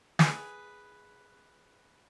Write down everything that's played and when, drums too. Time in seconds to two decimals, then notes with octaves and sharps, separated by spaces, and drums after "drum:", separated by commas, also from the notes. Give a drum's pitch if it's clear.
0.19 G#4 B4, drum: snare